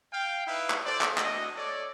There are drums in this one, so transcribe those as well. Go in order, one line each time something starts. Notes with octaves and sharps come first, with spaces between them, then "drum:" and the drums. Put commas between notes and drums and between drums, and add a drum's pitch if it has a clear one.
F5 G5
D#4 E4 B4 E5 F5
drum: clap
A4 C5 D5
drum: clap
A3 D4 F#4 D#5, drum: clap
A4 C#5 D5